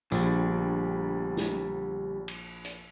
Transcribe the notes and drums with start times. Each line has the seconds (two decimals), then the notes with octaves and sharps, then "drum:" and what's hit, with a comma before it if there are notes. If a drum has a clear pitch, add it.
0.12 A#1 D3 G3, drum: tambourine
1.37 drum: snare
2.28 drum: cymbal
2.65 drum: hi-hat